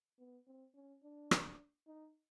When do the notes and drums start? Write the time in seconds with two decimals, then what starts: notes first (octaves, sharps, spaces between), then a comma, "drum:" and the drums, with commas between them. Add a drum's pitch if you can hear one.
0.19 B3
0.47 C4
0.75 C#4
1.03 D4
1.31 drum: rim click
1.88 D#4